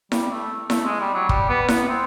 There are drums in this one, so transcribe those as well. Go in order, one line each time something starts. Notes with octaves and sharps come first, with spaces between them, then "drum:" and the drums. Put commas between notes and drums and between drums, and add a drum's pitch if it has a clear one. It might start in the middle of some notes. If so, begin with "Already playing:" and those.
G3, drum: snare E4
A3
A3, drum: snare E4
G#3
G3
F#3
G3, drum: kick
B3
B3, drum: snare E4
C4